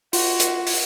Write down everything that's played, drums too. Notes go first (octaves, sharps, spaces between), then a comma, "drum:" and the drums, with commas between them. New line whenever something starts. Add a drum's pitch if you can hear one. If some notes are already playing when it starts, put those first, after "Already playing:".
F4 F#4, drum: open hi-hat
drum: hi-hat
drum: open hi-hat